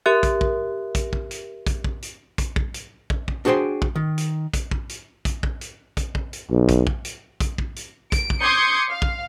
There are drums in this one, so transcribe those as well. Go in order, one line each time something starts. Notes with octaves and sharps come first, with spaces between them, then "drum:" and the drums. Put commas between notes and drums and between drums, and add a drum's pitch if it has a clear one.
G4 A#4 E5 F#6
drum: kick, hi-hat
drum: kick
drum: kick, hi-hat
drum: kick
drum: hi-hat
drum: kick, hi-hat
drum: kick
drum: hi-hat
drum: kick, hi-hat
drum: kick
drum: hi-hat
drum: kick
drum: kick
D4 F#4 G#4 C5 G5 C6
drum: kick
D#3
drum: hi-hat
drum: kick, hi-hat
drum: kick
drum: hi-hat
drum: kick, hi-hat
drum: kick
drum: hi-hat
drum: kick, hi-hat
drum: kick
drum: hi-hat
B1
drum: kick, hi-hat
drum: kick
drum: hi-hat
drum: kick, hi-hat
drum: kick
drum: hi-hat
D7, drum: kick, hi-hat
drum: kick
C6 D6 D#6 G6 G#6 C#7
F5
drum: kick